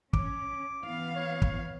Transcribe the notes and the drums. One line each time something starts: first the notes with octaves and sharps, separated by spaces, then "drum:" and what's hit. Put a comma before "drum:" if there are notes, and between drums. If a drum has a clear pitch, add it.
C#4 D6, drum: kick
E3 B3 F5
C#5
drum: kick